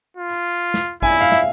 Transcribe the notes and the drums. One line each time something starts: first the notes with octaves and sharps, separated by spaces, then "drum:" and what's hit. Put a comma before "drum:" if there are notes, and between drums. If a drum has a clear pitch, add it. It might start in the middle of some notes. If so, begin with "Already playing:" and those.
F4
drum: snare
E4 G#5, drum: kick
F5
E5, drum: snare